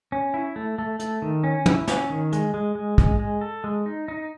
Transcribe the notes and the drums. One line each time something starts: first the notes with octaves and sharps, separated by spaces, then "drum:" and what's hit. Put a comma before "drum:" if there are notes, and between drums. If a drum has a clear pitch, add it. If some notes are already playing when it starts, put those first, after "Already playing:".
C#4
E4
A3
A3
A3, drum: hi-hat
D#3
C#4
E4, drum: tom
C#4, drum: snare
D#3
G#3, drum: hi-hat
G#3
G#3
G#3, drum: kick
G#3
A4
G#3
D#4
D#4